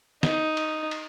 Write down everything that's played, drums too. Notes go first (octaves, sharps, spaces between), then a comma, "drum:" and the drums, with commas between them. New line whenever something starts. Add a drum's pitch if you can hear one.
D#4, drum: snare
drum: cymbal
drum: cymbal